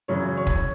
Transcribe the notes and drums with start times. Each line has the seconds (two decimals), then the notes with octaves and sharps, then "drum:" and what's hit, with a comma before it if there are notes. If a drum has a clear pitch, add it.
0.08 F#2 C#3 E3 C#5
0.37 C#5
0.47 drum: kick